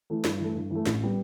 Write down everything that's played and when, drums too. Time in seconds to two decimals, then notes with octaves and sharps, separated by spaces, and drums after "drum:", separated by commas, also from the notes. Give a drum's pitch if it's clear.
0.10 E3 A3
0.24 G2, drum: snare
0.39 E3 A3
0.55 G2
0.71 E3 A3
0.86 A1, drum: snare
1.03 G3 B3